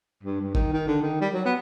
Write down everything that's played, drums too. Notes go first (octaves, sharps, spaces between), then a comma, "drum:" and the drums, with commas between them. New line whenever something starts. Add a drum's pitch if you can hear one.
G2
G2
D#3, drum: kick G1
D#3
D3
D#3
G3
F#3
B3